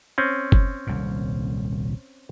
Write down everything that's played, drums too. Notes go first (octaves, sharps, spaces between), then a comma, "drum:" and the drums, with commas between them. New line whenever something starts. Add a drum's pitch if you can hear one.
C4 C#4
drum: kick F#1
D#1 C2 A#2